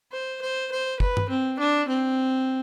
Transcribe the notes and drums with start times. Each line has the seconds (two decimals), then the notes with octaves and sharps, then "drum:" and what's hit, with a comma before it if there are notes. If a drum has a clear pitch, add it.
0.13 C5
0.42 C5
0.72 C5
1.00 B4, drum: kick
1.17 drum: tom G2
1.30 C4
1.60 D4
1.88 C4